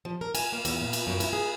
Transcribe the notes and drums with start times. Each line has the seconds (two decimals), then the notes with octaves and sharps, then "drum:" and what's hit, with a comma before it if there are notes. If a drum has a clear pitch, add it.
0.05 F3
0.21 A#4
0.35 G#5, drum: cymbal
0.52 A#3
0.65 E2, drum: cymbal
0.81 A#2
0.93 drum: cymbal
1.07 F#2
1.20 E4, drum: cymbal
1.33 G#4